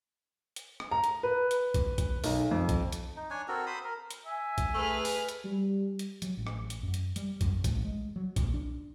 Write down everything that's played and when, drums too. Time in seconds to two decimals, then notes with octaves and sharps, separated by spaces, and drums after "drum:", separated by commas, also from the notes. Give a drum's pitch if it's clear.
0.56 drum: hi-hat
0.80 drum: rim click
0.91 A#5
1.04 drum: hi-hat
1.23 B4
1.51 drum: hi-hat
1.74 drum: kick, hi-hat
1.98 drum: kick, hi-hat
2.24 B1, drum: open hi-hat
2.51 F2
2.69 drum: kick, hi-hat
2.92 drum: hi-hat
3.16 D#4
3.30 D4 C#5 G#5
3.48 C4 F#4 A4 A#4
3.66 C5 B5 C6 D#6
3.84 A#4
4.11 drum: hi-hat
4.26 E5 G#5
4.58 drum: kick, hi-hat
4.74 A3 G#4 B4 F6
5.05 drum: open hi-hat
5.29 drum: hi-hat
5.44 G3
5.99 drum: hi-hat
6.22 F#3, drum: hi-hat
6.37 A1
6.47 drum: rim click
6.70 drum: hi-hat
6.83 F#2
6.94 drum: hi-hat
7.16 G3, drum: hi-hat
7.41 F#2, drum: kick, hi-hat
7.64 A1, drum: kick, hi-hat
7.85 G#3
8.16 F#3
8.36 A#1, drum: kick, hi-hat
8.54 D4